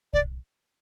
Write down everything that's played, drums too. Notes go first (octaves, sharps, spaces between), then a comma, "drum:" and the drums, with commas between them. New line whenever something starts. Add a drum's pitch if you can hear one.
D5, drum: kick